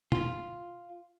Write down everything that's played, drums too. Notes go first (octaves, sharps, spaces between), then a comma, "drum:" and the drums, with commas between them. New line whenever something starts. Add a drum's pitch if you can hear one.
F4, drum: tom